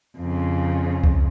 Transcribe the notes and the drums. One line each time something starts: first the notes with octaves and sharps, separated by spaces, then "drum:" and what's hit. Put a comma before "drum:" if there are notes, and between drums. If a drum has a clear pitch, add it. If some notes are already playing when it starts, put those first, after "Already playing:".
F2 C#3
drum: kick C2